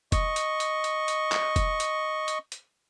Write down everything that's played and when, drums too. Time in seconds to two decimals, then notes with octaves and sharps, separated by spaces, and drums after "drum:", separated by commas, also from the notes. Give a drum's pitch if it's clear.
0.12 D#5 C#6, drum: kick F1, hi-hat
0.36 drum: hi-hat
0.60 drum: hi-hat
0.84 drum: hi-hat
1.08 drum: hi-hat
1.32 drum: clap
1.56 drum: kick F1, hi-hat
1.80 drum: hi-hat
2.28 drum: hi-hat
2.52 drum: hi-hat